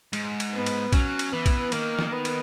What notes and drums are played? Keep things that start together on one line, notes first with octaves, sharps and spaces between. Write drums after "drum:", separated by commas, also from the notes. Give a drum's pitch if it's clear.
G#2, drum: cymbal
drum: cymbal
B3
drum: cymbal
F#3 C#4, drum: kick A#1, cymbal
drum: cymbal
E3 B3
drum: kick A#1, cymbal
D#3 A#3, drum: cymbal
drum: snare
B3
drum: cymbal